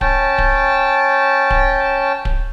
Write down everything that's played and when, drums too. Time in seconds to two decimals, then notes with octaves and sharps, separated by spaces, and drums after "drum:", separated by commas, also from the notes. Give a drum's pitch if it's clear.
0.01 C#4 G5 A5, drum: kick D1
0.38 drum: kick D1
1.50 drum: kick D1
2.25 drum: kick D1